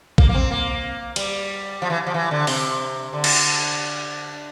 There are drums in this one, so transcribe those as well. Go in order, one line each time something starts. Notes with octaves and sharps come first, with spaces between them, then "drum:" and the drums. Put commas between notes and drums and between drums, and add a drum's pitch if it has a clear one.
A#3, drum: kick A#1
A#3
C4
A#3
G3, drum: cymbal
F3
E3
F3
E3
D3
C3, drum: open hi-hat
D3
drum: cymbal